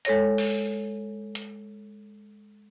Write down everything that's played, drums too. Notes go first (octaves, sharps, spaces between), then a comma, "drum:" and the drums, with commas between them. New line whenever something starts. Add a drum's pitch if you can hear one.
G#3 A4 C#5 A#6, drum: hi-hat
drum: open hi-hat
drum: hi-hat